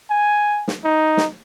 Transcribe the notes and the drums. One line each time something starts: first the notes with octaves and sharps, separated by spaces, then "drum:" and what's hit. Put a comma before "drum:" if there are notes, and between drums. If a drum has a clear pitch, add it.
G#5
drum: snare
D#4
drum: snare